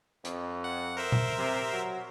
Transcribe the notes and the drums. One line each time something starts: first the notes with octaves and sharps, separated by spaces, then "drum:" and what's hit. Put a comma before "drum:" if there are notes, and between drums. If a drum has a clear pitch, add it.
F2, drum: hi-hat
F#5
A#4 C5 E5
drum: tom A#2
C3
F#3